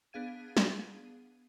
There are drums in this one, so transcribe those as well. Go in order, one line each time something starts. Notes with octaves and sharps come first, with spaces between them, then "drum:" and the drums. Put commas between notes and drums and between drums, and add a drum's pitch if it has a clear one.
B3 D4 G#4 F5 G#6 D#7
drum: snare